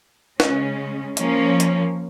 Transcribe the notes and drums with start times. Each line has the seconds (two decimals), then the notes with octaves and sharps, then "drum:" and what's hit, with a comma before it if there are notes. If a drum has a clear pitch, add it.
0.40 C#3 G#3 C#4, drum: snare
1.17 F3 A#3 C#4, drum: hi-hat
1.60 drum: hi-hat